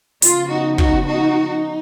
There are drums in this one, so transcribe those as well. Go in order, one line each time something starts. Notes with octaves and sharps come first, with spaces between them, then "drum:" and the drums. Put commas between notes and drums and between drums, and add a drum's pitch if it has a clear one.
C#3 F3 B3 F4, drum: hi-hat
D#4 F#4
D#4 F#4, drum: kick
D#4 F#4
D#4